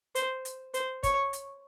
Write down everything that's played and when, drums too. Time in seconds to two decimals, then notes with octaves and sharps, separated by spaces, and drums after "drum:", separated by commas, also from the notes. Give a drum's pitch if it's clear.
0.15 C5, drum: hi-hat
0.45 drum: hi-hat
0.74 C5, drum: hi-hat
1.03 C#5, drum: kick, hi-hat
1.33 drum: hi-hat